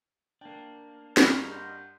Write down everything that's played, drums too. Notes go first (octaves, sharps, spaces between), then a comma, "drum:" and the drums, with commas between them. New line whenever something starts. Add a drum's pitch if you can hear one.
A#3 D4 G5
G2 G3 A#4 D#5 F7, drum: snare
F#5 C6 G6